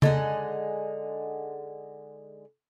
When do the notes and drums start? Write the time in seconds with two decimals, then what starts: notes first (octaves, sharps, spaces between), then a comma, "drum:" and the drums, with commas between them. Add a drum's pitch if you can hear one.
0.02 D3 G#3 D#4 F#5, drum: tom C#3